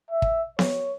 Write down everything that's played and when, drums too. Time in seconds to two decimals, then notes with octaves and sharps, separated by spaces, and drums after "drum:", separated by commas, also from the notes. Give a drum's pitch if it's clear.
0.11 E5
0.22 drum: kick
0.59 C#5, drum: snare B3